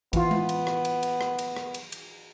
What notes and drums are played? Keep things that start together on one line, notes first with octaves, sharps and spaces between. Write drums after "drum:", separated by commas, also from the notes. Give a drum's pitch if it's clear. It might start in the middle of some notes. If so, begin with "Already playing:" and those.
E3 B3 F4, drum: kick A1, cymbal
drum: tom G#3
drum: cymbal
drum: rim click
drum: cymbal
drum: cymbal
drum: rim click
drum: cymbal
drum: rim click
drum: cymbal
drum: cymbal